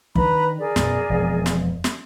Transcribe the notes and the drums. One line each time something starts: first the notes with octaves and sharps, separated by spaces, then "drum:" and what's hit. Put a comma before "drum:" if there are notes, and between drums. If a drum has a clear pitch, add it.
D#3 D4 B4 A#5 B5, drum: kick
G#4 A#4 D5
F#2 B2, drum: snare
E1 F2
drum: snare
drum: snare